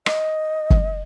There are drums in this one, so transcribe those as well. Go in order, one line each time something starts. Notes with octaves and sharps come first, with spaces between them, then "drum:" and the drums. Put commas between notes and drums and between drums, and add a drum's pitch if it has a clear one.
D#5, drum: rim click
drum: kick